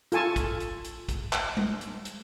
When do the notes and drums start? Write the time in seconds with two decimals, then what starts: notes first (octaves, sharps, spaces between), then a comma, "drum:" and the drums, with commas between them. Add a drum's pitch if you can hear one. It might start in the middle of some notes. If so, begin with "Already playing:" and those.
0.12 F4 A4 G#5 A5 C#6, drum: hi-hat
0.36 drum: kick, hi-hat
0.60 drum: hi-hat
0.84 drum: hi-hat
1.09 drum: kick, hi-hat
1.33 drum: clap
1.57 drum: tom G3
1.81 drum: hi-hat
2.05 drum: hi-hat